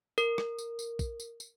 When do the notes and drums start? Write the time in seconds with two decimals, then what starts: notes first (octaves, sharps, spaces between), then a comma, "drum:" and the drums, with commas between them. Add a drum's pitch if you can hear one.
0.18 A#4, drum: tambourine
0.38 drum: rim click
0.58 drum: tambourine
0.79 drum: tambourine
0.99 drum: kick, tambourine
1.20 drum: tambourine
1.40 drum: tambourine